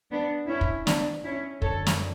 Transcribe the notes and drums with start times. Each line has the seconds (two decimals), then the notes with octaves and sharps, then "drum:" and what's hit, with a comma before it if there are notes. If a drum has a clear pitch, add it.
0.11 B3 D4
0.48 C#4 E4
0.61 drum: kick
0.87 B3 D4, drum: snare
1.24 C#4 E4
1.62 F#2 D3 F#3 A4 C#5, drum: kick
1.87 drum: snare